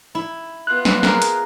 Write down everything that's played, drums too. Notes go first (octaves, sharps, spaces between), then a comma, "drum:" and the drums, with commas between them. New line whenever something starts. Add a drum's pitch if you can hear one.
E4
B3 F4 F#6
drum: snare
G#4 A#4 G#5, drum: snare
drum: hi-hat